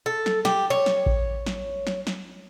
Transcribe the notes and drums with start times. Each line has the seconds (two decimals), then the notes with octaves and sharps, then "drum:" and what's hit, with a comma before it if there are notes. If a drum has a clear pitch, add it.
0.06 A4
0.26 drum: snare
0.45 G4, drum: snare
0.70 C#5
0.86 drum: snare
1.06 drum: kick A1
1.46 drum: snare
1.87 drum: snare
2.07 drum: snare